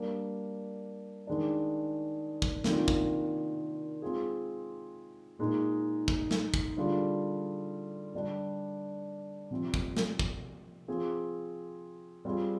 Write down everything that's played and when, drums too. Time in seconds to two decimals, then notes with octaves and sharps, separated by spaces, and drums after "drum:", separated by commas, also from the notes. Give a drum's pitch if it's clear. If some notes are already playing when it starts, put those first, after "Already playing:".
Already playing: G3 A#3 D4
1.27 D#3 G#3 D4
2.42 drum: kick
2.64 C3 D#3 A#3 D4 F4, drum: snare
2.88 drum: kick
4.02 G#3 C4 F4 G#4
5.39 A#2 G#3 D#4
6.08 drum: kick
6.31 drum: snare
6.54 drum: kick
6.77 D3 G3 D4 F4 G#4
8.14 D3 G3 D4 G4
9.51 C3 F3 C4
9.74 drum: kick
9.97 drum: snare
10.19 drum: kick
10.88 F3 C4 F4 G#4
12.25 G3 C4 F4 G#4